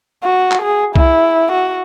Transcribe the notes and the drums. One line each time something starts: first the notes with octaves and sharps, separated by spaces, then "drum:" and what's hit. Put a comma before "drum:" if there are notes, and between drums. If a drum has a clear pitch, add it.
F#4
drum: clap
G#4
E4, drum: kick C2
F#4